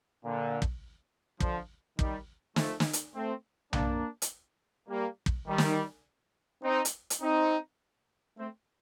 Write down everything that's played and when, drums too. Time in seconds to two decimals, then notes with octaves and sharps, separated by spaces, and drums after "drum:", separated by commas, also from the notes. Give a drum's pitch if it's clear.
0.24 A#2 D3
0.62 drum: kick
1.40 D3 F3, drum: kick
1.99 D#3 G3, drum: kick
2.56 F3 A3, drum: snare
2.80 drum: snare
2.93 drum: hi-hat
3.15 A3 C4
3.73 A#3 D4, drum: tom B1
4.22 drum: hi-hat
4.89 G3 A#3
5.26 drum: kick
5.47 D#3 G3
5.58 drum: snare
6.63 C4 D#4
6.85 drum: hi-hat
7.10 drum: hi-hat
7.21 C4 D#4
8.38 A3 C4